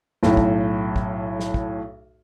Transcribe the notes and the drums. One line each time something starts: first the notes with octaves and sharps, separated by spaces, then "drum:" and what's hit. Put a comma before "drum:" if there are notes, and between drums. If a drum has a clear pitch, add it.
B1 A2, drum: snare
drum: kick
drum: kick
drum: snare
drum: kick